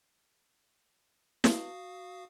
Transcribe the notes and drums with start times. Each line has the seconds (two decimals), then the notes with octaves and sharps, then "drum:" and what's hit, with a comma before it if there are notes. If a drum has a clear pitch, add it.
1.44 F#4 F5 D#6, drum: snare